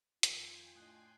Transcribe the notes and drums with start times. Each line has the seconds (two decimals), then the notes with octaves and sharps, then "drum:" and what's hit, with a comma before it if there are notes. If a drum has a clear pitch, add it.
0.23 F2 D#3 F4 G5 G#5 C6, drum: hi-hat
0.76 A2 D4 D#5 D#6 F#6 C7